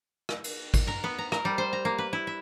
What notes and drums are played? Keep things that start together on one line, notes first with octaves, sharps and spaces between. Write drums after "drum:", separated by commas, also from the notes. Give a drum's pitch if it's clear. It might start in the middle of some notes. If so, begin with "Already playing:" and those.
drum: rim click
drum: cymbal
drum: kick, cymbal
A#4, drum: tom
B3
A#5
A#4, drum: rim click
G3
C5
A#5
A#3
B4
E4
E5